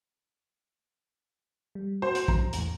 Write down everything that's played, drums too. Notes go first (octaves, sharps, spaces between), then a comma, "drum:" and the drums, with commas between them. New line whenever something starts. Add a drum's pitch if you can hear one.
G3
F#4 C5
drum: hi-hat
G2 A#5, drum: kick
E2 A2, drum: hi-hat